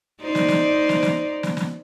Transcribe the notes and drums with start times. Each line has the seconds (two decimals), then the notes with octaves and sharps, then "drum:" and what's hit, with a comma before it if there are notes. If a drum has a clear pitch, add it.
0.21 D#4 C5 D5
0.35 drum: snare
0.48 drum: snare
0.89 drum: snare
1.03 drum: snare
1.43 drum: snare
1.57 drum: snare